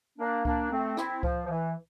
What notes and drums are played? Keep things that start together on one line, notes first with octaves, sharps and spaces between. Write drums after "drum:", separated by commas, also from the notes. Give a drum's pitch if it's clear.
A#3 D4
A#3 D4, drum: kick C#2
A3 C4
C4 E4, drum: rim click
F3, drum: kick C#2
F3
E3